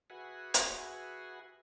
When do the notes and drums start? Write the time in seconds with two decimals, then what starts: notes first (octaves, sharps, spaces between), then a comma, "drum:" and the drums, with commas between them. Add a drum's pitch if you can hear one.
0.10 F#4 G#4 B4 E5 F#5 G#5
0.54 drum: hi-hat